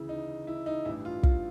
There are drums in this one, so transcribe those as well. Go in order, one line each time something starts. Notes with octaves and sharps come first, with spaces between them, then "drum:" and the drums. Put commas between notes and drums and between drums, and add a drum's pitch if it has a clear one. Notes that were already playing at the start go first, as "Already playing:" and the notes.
Already playing: D2 C#3 E3 E4
D#4
E4
D#4
A1 G2 E3 E4
F4
F4, drum: kick